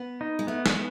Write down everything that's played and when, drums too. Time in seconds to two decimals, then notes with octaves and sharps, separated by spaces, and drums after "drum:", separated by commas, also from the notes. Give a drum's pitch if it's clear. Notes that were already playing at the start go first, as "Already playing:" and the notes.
Already playing: B3
0.21 D#4
0.39 G#3
0.47 A3 B3
0.66 G#3, drum: snare